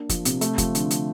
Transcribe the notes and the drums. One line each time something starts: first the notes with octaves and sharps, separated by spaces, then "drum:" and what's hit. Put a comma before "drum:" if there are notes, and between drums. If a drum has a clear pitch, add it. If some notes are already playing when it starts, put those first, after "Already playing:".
Already playing: A#3 D4
F3, drum: kick F#1, hi-hat
C3, drum: hi-hat
A3, drum: hi-hat
F3, drum: kick F#1, hi-hat
D3, drum: hi-hat
drum: hi-hat